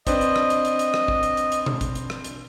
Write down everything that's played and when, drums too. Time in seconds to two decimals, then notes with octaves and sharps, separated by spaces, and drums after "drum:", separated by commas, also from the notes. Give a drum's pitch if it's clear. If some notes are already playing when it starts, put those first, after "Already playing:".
0.07 C4 D4 B4 D#5, drum: kick, hi-hat
0.21 drum: hi-hat
0.36 drum: rim click
0.50 drum: hi-hat
0.65 drum: hi-hat
0.79 drum: hi-hat
0.94 drum: rim click
1.08 drum: kick
1.23 drum: hi-hat
1.37 drum: hi-hat
1.52 drum: hi-hat
1.66 drum: tom B2
1.81 drum: kick, hi-hat
1.95 drum: hi-hat
2.10 drum: rim click
2.24 drum: hi-hat